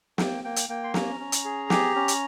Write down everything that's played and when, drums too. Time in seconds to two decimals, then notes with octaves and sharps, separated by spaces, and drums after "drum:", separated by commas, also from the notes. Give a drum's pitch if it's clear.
0.18 A#3 G5, drum: snare
0.44 A#3 G5
0.56 drum: hi-hat
0.69 A#3 G5
0.84 C6
0.94 C#4 A#5, drum: snare
1.20 C#4
1.32 drum: hi-hat
1.45 G#4
1.70 G4, drum: snare
1.95 C#4
2.08 drum: hi-hat